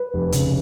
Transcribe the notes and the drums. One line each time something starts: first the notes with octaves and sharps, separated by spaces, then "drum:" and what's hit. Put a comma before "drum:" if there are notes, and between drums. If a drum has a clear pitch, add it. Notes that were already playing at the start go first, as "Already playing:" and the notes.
Already playing: B4
F1
C#3, drum: kick, hi-hat